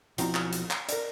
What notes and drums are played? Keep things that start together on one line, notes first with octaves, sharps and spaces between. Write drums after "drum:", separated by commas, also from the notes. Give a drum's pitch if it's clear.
B1 F3 C4 E4 F#4 A#5, drum: hi-hat
drum: clap
drum: hi-hat
drum: clap
A#4 D5, drum: hi-hat